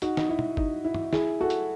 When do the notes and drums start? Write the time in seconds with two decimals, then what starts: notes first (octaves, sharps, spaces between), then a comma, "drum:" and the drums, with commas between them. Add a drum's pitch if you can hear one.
0.02 D#4 F#4, drum: hi-hat
0.17 D#4, drum: snare
0.29 E4
0.39 drum: tom
0.57 D#4, drum: kick G#1
0.85 E4
0.94 drum: tom
1.13 E4 G#4, drum: snare
1.40 F#4 A4
1.50 drum: hi-hat